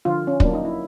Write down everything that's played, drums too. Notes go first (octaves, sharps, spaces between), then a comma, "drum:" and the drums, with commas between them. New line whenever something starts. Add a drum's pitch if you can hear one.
D3 F3 F4
C#4
F#3 A#3 D4, drum: kick
D#4
E4